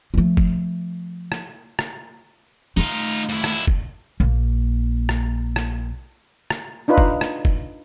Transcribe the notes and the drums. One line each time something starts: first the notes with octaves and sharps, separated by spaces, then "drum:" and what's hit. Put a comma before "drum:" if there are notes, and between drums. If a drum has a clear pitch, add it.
F3 A3
drum: kick
drum: rim click
drum: rim click
D#3 A3 D#4 F4
F2 E4
drum: rim click
drum: kick
A#1 A#3
drum: rim click
drum: rim click
drum: rim click
D4 D#4 F4 B4
drum: kick
drum: rim click
drum: kick